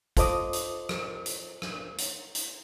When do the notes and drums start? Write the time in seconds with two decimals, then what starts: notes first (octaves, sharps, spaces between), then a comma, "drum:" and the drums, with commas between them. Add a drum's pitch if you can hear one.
0.17 F4 A4 C5 D#5 D6 D#6, drum: kick G#1, hi-hat
0.53 drum: hi-hat
0.89 drum: rim click
1.26 drum: hi-hat
1.62 drum: rim click
1.98 drum: hi-hat
2.35 drum: hi-hat